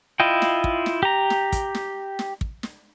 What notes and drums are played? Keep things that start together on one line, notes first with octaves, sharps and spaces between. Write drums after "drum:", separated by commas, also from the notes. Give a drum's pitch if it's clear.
E4 F4 D#5 G5
drum: snare
drum: kick
drum: snare
G4 A#5
drum: snare
drum: kick, hi-hat
drum: snare
drum: snare
drum: kick
drum: snare